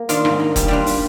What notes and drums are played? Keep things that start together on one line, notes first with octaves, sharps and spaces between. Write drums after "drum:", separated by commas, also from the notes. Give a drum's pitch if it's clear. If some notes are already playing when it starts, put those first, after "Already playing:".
Already playing: A#3
D#3 D4 F4, drum: hi-hat
G#2, drum: rim click
A#3
G3, drum: kick F1, hi-hat
G3 D4 F4
drum: open hi-hat